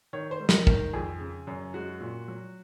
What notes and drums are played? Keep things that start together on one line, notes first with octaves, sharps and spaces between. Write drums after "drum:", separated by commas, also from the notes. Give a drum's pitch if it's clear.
D#3 C#5
C5
G#2
A#4, drum: snare
D#3 A#4, drum: kick
F2 G#4
C#3
F#2
G#3 F#4
A#2
F#3